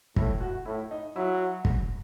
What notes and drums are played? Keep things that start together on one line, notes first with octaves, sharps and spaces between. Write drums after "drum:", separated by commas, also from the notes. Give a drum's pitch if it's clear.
A2 E4, drum: kick
F#4
A2 E4
D#4
F#3 E4
drum: kick